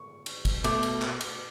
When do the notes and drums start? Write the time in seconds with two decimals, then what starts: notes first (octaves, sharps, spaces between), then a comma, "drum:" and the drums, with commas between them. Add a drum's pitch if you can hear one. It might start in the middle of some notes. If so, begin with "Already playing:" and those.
Already playing: C#6
0.26 drum: cymbal
0.45 drum: kick, cymbal
0.64 B2 A3 D6, drum: cymbal
0.83 drum: cymbal
1.02 drum: clap
1.21 drum: cymbal